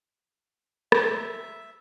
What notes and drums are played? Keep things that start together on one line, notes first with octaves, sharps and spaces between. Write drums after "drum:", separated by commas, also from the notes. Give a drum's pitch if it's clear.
E5, drum: rim click